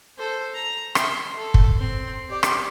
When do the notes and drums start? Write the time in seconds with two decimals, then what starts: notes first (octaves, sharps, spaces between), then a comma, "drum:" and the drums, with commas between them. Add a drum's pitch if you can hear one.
0.18 A4 C5
0.54 A#5
0.95 E5 C6, drum: rim click
1.36 A4
1.54 drum: kick
1.78 C4 C6
2.29 G4 D5
2.43 drum: rim click